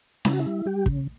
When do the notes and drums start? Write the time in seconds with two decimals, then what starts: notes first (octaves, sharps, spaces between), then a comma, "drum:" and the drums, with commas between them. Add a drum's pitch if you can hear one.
0.25 C#3 E4, drum: snare C#4
0.33 F#4
0.39 E4
0.46 G3
0.66 G3 G4
0.86 C#3, drum: kick